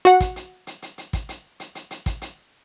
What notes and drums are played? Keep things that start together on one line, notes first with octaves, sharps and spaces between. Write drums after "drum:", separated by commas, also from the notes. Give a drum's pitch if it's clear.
F#4 F#5, drum: hi-hat
drum: kick, hi-hat
drum: hi-hat
drum: hi-hat
drum: hi-hat
drum: hi-hat
drum: kick, hi-hat
drum: hi-hat
drum: hi-hat
drum: hi-hat
drum: hi-hat
drum: kick, hi-hat
drum: hi-hat